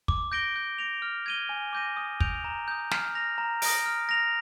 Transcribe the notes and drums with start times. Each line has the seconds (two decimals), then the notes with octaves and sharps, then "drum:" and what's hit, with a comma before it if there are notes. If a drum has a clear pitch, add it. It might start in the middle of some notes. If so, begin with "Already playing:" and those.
0.08 D6, drum: kick
0.32 G6 A#6 D7 G7
0.56 G6
0.78 A#6 D7 F7
1.02 F6
1.26 G#6 D#7 G7
1.49 G#5
1.73 D6 G6 A#6 D#7
1.97 D#6
2.20 G6 D7 F7, drum: kick
2.44 A#5
2.68 D#6 G6
2.91 F6, drum: snare
3.15 A#6 F7
3.38 A#5
3.62 D#6 A#6 D7, drum: open hi-hat
3.86 F6
4.09 A#6 F7